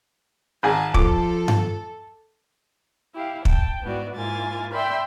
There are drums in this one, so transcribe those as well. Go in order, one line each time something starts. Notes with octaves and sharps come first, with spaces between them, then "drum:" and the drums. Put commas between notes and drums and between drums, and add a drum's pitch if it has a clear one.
G#1 G#4 G#5 A5
F3 A4 D6, drum: kick
drum: tom G2
E4 G4 F5
G5 A5, drum: kick
G#2 B3 E4 F#4 D5
G#2 A#3 E4 F4 G#5 A6
D5 E5 G5 B5 C6